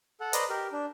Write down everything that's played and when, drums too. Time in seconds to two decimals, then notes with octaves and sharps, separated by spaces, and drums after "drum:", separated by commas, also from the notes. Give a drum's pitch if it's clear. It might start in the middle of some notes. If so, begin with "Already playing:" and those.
0.20 A4 F#5
0.33 B4 C5 D5 D#5 A#5, drum: hi-hat
0.50 G4 A#4
0.72 D4